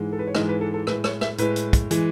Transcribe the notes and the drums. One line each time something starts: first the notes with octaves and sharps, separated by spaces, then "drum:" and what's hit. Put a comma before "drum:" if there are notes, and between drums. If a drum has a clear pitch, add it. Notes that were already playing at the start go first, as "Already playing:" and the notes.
Already playing: G#2 E3 G#3
A4
B4
C#5
G#2 E3 G#3 D#5, drum: rim click
B4
A4
A4
A2 G#3 B4, drum: rim click
C#5, drum: rim click
E5, drum: rim click
A2 G#3 B4, drum: hi-hat
drum: hi-hat
drum: kick, hi-hat
E3 G#3, drum: hi-hat